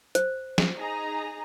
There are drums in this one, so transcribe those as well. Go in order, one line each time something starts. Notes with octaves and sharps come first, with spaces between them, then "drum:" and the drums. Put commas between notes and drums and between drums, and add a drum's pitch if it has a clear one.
C5, drum: hi-hat
drum: snare
D#4 G#4 A#5